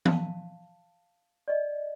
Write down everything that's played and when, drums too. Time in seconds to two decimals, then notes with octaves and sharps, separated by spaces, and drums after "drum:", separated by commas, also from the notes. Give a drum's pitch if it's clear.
0.05 F5 A5, drum: tom E3
1.48 D5 D#5